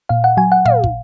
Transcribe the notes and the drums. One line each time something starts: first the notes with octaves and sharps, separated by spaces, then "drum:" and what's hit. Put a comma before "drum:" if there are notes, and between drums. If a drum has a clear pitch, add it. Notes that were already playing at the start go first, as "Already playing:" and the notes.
A#2 F5
F#5
F#3 G#5
F#5
A#2 F5, drum: tom
drum: kick